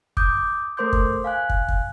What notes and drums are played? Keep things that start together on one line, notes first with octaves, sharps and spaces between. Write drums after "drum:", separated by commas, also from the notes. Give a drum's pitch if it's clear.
D6 D#6 G6, drum: kick
A3 A#4 C5 C6 D6 G6
drum: kick
F5 G#5 F#6
drum: kick
drum: kick